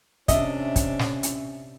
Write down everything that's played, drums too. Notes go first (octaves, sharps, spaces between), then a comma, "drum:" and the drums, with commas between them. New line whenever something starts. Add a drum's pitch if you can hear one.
C3 C#4 D4 D#5 E5, drum: kick, hi-hat
drum: kick, hi-hat
drum: snare
drum: hi-hat